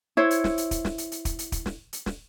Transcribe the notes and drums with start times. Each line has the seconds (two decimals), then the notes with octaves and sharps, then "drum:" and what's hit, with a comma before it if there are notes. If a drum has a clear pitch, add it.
0.17 E4 C5 C#5
0.31 drum: hi-hat
0.44 drum: snare
0.58 drum: hi-hat
0.71 drum: kick, hi-hat
0.85 drum: snare
0.98 drum: hi-hat
1.12 drum: hi-hat
1.25 drum: kick, hi-hat
1.39 drum: hi-hat
1.52 drum: kick, hi-hat
1.66 drum: snare
1.93 drum: hi-hat
2.06 drum: snare